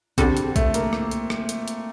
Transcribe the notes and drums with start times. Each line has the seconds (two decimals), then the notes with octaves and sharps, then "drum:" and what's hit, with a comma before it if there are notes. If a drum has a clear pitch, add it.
0.18 D3 G3 C4 D4 A4, drum: kick A#1, hi-hat
0.37 drum: hi-hat
0.56 A3, drum: kick A#1, hi-hat
0.74 A#3, drum: hi-hat
0.93 drum: rim click
1.11 drum: hi-hat
1.30 drum: rim click
1.49 drum: hi-hat
1.68 drum: hi-hat